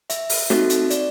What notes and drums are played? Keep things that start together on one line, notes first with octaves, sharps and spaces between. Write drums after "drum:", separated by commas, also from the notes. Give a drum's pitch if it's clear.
E5, drum: hi-hat
drum: open hi-hat
C4 D#4 F#4 A4, drum: snare
drum: hi-hat
D5, drum: hi-hat